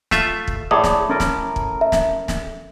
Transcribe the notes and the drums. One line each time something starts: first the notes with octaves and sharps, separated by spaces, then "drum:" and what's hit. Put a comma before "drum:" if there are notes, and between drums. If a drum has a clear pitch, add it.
A3 F4 E5, drum: snare
drum: kick
A2 G#4 A4 D5 D6 D#6
drum: snare
C#4 A4 A#4
drum: snare
drum: kick
E5
drum: snare
drum: snare